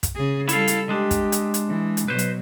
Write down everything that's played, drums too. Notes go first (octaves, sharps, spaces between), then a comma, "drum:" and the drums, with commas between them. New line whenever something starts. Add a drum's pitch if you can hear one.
drum: kick, hi-hat
C#3 G#4
G3 E4 A4 F5, drum: hi-hat
drum: hi-hat
G#3 D4 G4
drum: kick, hi-hat
drum: hi-hat
drum: hi-hat
E3
drum: hi-hat
B2 F#3 B4 C5
drum: hi-hat